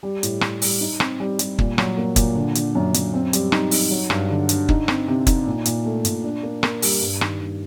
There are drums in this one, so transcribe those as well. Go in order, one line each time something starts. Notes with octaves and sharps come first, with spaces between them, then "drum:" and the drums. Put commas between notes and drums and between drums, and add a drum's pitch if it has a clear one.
G3
A2, drum: hi-hat
G3, drum: rim click
G3, drum: open hi-hat
D#4
C4, drum: rim click
G3
G3, drum: hi-hat
A#2, drum: kick
F#3, drum: rim click
A#3
A#2, drum: kick, hi-hat
D3
D3, drum: hi-hat
F#2
F#2, drum: hi-hat
C4
G3, drum: hi-hat
D#4, drum: rim click
D#4, drum: open hi-hat
F#3
G2, drum: rim click
D3
D3, drum: hi-hat
D#4, drum: kick
C4, drum: rim click
C3
D#4, drum: kick, hi-hat
A#2
A#2, drum: hi-hat
A3
A#2, drum: hi-hat
D4
A#3
A#3, drum: rim click
G3, drum: open hi-hat
G2
D#3, drum: rim click
G2